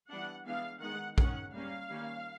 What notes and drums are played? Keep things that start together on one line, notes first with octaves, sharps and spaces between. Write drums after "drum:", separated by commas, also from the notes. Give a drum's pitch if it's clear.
E3 G3 B3 D4 F#5
E3 G#3 B3 D4 F5
D#3 G#3 B3 F#5
D#3 G#3 C#4 F#5, drum: kick
G3 A#3 C#4 F5
D#3 G3 A#3 C#4